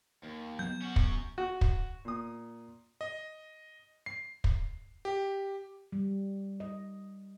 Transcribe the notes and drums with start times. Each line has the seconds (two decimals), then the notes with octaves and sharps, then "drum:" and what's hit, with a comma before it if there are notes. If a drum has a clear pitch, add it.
0.24 D#2
0.59 F#3 B3 G6
0.82 C#4 F#4
0.96 drum: kick
1.38 F#4
1.61 drum: kick
2.05 A#2 D#6
3.01 D#5
4.06 C7
4.44 drum: kick
5.05 G4
5.92 G3
6.60 D#5